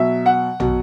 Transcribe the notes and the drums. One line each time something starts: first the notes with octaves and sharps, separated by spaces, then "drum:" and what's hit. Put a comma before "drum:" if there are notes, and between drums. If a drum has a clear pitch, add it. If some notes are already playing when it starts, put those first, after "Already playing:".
Already playing: B2 F#3 E5
F#5
B2 F#3, drum: tom